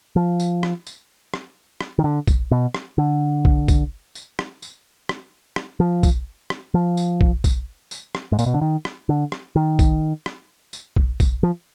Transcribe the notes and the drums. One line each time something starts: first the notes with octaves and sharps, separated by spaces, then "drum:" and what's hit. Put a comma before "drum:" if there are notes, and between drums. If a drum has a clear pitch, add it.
F3
drum: tambourine
drum: rim click
drum: tambourine
drum: rim click
drum: rim click
D#3
D3
drum: kick B1, tambourine
B2
drum: rim click
D3
drum: kick B1
drum: kick B1, tambourine
drum: tambourine
drum: rim click
drum: tambourine
drum: rim click
drum: rim click
F3
drum: kick B1, tambourine
drum: rim click
F3
drum: tambourine
drum: kick B1
drum: kick B1, tambourine
drum: tambourine
drum: rim click
G#2
A#2, drum: tambourine
B2
D3
D#3
drum: rim click
D3
drum: rim click
D#3
drum: kick B1, tambourine
drum: rim click
drum: tambourine
drum: kick B1
drum: kick B1, tambourine
F3